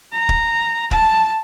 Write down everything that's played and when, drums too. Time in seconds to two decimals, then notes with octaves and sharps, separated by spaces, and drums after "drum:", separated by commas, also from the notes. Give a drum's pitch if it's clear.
0.12 A#5
0.29 drum: kick
0.91 A5, drum: kick